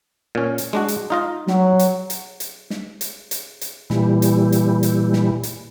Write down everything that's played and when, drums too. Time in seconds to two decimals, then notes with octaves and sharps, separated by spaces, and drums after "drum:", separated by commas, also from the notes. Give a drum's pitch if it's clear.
0.35 A#2 C#4
0.58 drum: hi-hat
0.73 G#3 D4 F#4
0.88 drum: hi-hat
1.10 D#4 F4 D#5
1.47 F#3, drum: snare
1.79 drum: hi-hat
2.10 drum: hi-hat
2.40 drum: hi-hat
2.70 drum: snare
3.01 drum: hi-hat
3.31 drum: hi-hat
3.61 drum: hi-hat
3.90 A#2 E3 G3, drum: snare
4.22 drum: hi-hat
4.52 drum: hi-hat
4.83 drum: hi-hat
5.13 drum: snare
5.43 drum: hi-hat